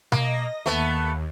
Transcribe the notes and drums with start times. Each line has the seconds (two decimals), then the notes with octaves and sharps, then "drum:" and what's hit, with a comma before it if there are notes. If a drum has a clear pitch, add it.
0.12 A#3 D#5 A#6, drum: tom B2
0.66 D#2 A3 B3